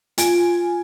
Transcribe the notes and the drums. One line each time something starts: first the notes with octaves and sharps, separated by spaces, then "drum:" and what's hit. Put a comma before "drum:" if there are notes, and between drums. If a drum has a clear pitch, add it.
F4 G#5 D7, drum: hi-hat